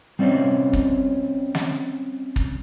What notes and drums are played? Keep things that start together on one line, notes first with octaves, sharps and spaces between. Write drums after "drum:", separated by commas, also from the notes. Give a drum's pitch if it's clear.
G3 C4 C#4 D5 D#5 F5
drum: kick
drum: snare
drum: kick